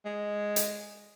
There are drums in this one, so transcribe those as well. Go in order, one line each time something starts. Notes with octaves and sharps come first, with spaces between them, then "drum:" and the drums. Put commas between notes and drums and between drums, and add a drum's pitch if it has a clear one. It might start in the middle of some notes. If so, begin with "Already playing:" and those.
G#3
drum: hi-hat